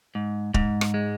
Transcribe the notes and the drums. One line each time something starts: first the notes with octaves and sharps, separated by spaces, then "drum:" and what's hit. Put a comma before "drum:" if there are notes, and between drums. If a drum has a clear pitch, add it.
G#2
G#2, drum: kick
drum: rim click
G#3